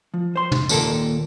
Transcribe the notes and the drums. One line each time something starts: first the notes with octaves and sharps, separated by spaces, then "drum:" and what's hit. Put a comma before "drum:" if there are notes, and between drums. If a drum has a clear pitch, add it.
F3
C5 C6
drum: tom
D#2 A#2 A4 A#4, drum: tambourine